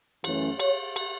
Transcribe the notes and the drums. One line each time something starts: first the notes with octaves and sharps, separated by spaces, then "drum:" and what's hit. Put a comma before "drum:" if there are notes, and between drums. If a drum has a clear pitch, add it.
F#2 E3 A3 C#4, drum: cymbal
C#5, drum: cymbal
drum: cymbal